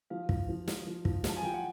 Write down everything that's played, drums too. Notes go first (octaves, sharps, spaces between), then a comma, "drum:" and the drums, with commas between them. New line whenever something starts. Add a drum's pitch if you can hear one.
F3 F5
F3, drum: kick
F3
F3, drum: snare
F3
F3, drum: kick
F3 A5, drum: snare
G#5
F3 G5
F#5